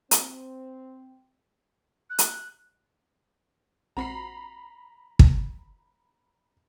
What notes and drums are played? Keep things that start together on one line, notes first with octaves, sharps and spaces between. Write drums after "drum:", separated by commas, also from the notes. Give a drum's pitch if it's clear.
C4, drum: hi-hat
F#6
drum: hi-hat
A#1 C4 F#4 A#5 B5 C7
drum: kick